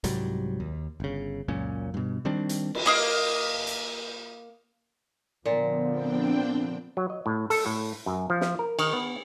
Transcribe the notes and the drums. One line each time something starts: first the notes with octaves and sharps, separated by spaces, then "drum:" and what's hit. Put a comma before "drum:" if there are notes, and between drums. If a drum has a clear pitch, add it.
C2 G#2 F#3 G3, drum: hi-hat
D#2
G1 C#3
C#2 F#2 A#2 C#4
G2 B2
D#3 G3 C4 D4
drum: hi-hat
drum: cymbal
A#3 D#5 F5
drum: hi-hat
A#2 D3 F3 B3
C4 D4 G5
F#3
D#5
A2
A4, drum: open hi-hat
A2
F#2
F3
drum: snare
A#4
D#3, drum: cymbal
B3